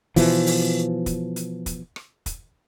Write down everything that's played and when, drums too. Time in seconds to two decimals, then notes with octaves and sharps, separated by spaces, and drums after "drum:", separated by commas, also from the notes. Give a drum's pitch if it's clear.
0.16 B2 E3 F3, drum: kick, open hi-hat
0.46 drum: open hi-hat
1.06 drum: kick, hi-hat
1.36 drum: hi-hat
1.66 drum: kick, hi-hat
1.96 drum: rim click
2.26 drum: kick, hi-hat